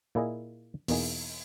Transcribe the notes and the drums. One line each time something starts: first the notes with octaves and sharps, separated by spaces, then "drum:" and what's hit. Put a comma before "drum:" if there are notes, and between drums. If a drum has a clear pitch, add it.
A#2 A#3 E4 G#4 D#5
E2 B2 A#3 D#4 G#4, drum: open hi-hat